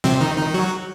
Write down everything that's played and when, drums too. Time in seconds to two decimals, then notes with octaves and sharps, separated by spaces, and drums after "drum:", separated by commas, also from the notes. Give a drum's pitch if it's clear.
0.04 C3 C4, drum: snare
0.21 D#3 D#4
0.37 D#3 D#4
0.54 F#3 F#4